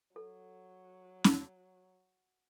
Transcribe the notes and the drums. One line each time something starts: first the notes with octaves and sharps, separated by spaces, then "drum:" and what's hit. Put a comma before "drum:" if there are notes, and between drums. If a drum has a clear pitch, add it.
F#3 A4
drum: snare C#4